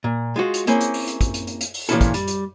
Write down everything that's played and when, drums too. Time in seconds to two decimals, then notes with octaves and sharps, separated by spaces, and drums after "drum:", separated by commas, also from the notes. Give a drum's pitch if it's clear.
0.04 A#2
0.36 G#3 F4 F#4
0.54 drum: hi-hat
0.67 A#3 C4 C#4 E4 G#4, drum: hi-hat
0.81 drum: hi-hat
0.94 drum: open hi-hat
1.07 drum: hi-hat
1.21 drum: kick, hi-hat
1.34 drum: hi-hat
1.47 drum: hi-hat
1.61 drum: hi-hat
1.74 drum: open hi-hat
1.89 A#2 E3 F3 C#4 E4 A4, drum: hi-hat
2.01 drum: kick, hi-hat
2.14 G3, drum: hi-hat
2.28 drum: hi-hat